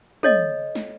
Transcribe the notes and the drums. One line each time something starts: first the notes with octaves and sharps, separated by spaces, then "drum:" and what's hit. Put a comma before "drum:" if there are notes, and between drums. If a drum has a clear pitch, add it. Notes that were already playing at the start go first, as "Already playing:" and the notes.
A4 C#5 D#5, drum: tom
drum: snare